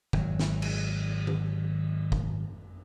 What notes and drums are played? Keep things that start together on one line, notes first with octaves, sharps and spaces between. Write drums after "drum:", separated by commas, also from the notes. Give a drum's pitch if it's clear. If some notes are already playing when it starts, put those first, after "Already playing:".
G#1 F#3, drum: kick
drum: snare
drum: cymbal
drum: tom D#3
drum: kick